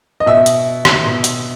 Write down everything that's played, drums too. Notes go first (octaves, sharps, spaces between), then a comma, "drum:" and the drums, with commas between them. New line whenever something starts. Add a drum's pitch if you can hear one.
D#5
B2 E5
drum: hi-hat
drum: rim click
B2
drum: hi-hat